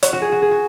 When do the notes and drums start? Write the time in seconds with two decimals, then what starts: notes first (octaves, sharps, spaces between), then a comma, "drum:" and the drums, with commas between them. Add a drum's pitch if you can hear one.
0.03 F#4, drum: hi-hat
0.13 F#4
0.22 G#4
0.32 F#4
0.42 G#4
0.51 F#4